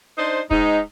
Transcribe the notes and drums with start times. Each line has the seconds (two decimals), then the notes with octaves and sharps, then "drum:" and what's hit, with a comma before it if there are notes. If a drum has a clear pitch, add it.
0.17 D4 D#4 C5
0.51 G#2 D#4, drum: kick